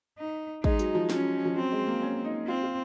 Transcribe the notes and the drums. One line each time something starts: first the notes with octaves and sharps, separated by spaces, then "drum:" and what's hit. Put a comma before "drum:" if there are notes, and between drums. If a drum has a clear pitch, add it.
D#4
G#3 D#4, drum: kick
F#3, drum: hi-hat
F3
F#3 C#4, drum: snare
F3
F#3 C4
G#3
A#3
C#4
D#4
C4 F4
F4